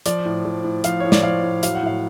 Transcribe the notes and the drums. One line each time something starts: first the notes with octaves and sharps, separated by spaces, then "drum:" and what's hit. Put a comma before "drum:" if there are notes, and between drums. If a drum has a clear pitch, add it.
F3 D5, drum: hi-hat
A2
F3
A2
F3 F5, drum: hi-hat
A2 C#5
D5, drum: snare
F3 F5
A2
F#3 F5, drum: hi-hat
F#5
A2 F5